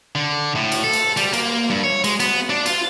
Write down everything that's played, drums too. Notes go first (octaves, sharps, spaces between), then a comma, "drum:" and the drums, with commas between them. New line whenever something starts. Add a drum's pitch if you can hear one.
D3
A2
drum: cymbal
A4
drum: cymbal
G3, drum: cymbal
A#3, drum: cymbal
G2
C#5
G#3, drum: cymbal
B3, drum: cymbal
D4
F4, drum: cymbal